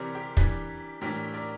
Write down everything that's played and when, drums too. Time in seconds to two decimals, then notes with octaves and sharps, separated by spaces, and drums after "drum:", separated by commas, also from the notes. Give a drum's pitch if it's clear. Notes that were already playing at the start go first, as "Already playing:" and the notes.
Already playing: C3 E3 G3 C4 A#4 D5
0.15 G4 A#4
0.37 E3 G3 D4, drum: kick
1.01 A2 E3 G3 D4 G4 A#4
1.34 A#4 D5